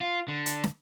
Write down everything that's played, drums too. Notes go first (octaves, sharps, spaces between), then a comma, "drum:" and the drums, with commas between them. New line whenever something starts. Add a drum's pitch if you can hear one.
F4
D3
drum: hi-hat
drum: snare